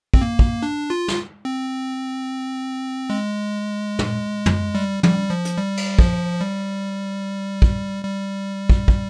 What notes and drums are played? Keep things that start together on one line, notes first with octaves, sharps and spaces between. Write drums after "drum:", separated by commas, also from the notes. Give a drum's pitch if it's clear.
C4, drum: kick
A#3
drum: kick
D4
F4
drum: snare
C4
G#3
drum: tom
drum: tom
G3
G3, drum: tom
F3
drum: hi-hat
G3
drum: cymbal
F3, drum: kick
G3
drum: kick
G3
drum: kick
drum: kick